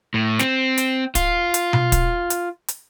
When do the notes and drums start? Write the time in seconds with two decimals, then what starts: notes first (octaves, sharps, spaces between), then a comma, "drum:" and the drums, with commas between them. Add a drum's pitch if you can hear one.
0.14 A2
0.39 C4, drum: snare
0.78 drum: hi-hat
1.15 F4, drum: kick, hi-hat
1.54 drum: hi-hat
1.73 drum: tom B2
1.92 drum: kick, hi-hat
2.30 drum: hi-hat
2.68 drum: hi-hat